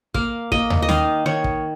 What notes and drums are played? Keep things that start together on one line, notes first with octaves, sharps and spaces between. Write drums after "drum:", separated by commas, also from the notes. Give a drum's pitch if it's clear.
A#3 F5, drum: kick
A#3 D#5, drum: kick
drum: tom D#2
D#5
D#3 F5, drum: snare
D#3 C#5
drum: kick